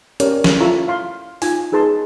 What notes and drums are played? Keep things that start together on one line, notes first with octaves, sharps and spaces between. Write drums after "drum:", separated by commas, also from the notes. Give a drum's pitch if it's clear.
C#4 G4 A#4 C#5 D5, drum: hi-hat
drum: snare
E4 F4 A4 E5 A#5 C#6
F5 C6
D#4 F4 G#5, drum: open hi-hat
D#4 G#4 B4 A5 C6